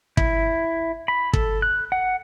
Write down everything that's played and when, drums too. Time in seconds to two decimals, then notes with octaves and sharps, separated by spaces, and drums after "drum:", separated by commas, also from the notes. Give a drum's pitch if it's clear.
0.17 E4, drum: kick
1.08 B5
1.33 A4, drum: kick
1.62 F#6
1.92 F#5